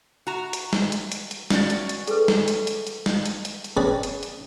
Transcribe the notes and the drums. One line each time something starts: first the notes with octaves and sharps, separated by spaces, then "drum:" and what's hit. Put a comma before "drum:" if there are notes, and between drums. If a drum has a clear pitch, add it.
F#4 A#5
drum: hi-hat
drum: snare
drum: hi-hat
drum: hi-hat
drum: hi-hat
C#4 F#4 D5, drum: snare
drum: hi-hat
drum: hi-hat
G#4 A4 B4, drum: hi-hat
drum: snare
drum: hi-hat
drum: hi-hat
drum: hi-hat
drum: snare
drum: hi-hat
drum: hi-hat
drum: hi-hat
C4 C#4 G#4 B4 D5
drum: hi-hat
drum: hi-hat